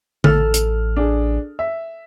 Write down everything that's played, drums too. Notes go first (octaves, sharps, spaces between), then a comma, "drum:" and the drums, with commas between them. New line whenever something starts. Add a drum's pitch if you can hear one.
A1 A4 F6, drum: tom D3
drum: hi-hat
D4 G#4
E5